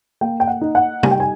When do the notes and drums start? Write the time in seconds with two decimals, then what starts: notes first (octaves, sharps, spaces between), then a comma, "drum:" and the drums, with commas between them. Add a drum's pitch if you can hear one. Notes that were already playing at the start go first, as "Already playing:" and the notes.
0.21 A#3 G5
0.40 G5
0.47 F#5
0.61 D#4
0.75 F#5
1.03 G3 G#5, drum: tom
1.11 G5
1.20 G#5